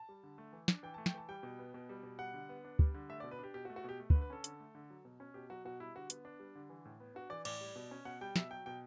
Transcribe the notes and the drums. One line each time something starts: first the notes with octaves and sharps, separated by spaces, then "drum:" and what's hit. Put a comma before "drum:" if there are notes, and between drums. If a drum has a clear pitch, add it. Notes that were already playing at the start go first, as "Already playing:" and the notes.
Already playing: A5
G3
D3
A3
E3
D4, drum: snare
E3 G5
A5
A3
G5, drum: snare
E3 A5
G3 G5
B2
B3
B2
G3
B2
G3 F#5
D3
B3
D4
G3, drum: kick
D3
A3 E5
D5
B2
B4
D4 G4
B2 G4
F#4
A3
F#4
B2 G4
A3
B4, drum: kick
D3
B4
C#4 A4
D3, drum: hi-hat
A3
D3
F#3
B2
C#4
B2 G4
F#3 F#4
B2 F#4
G3 E4
D3 F#4
B3, drum: hi-hat
D4
G3
D3
E3
A2
B3
D4 F#4
E3 D5
A2 D5, drum: cymbal
G3
B2
C#4
B2 F#5
G3 G5
B2 E5, drum: snare
F#3 G5
B2 G5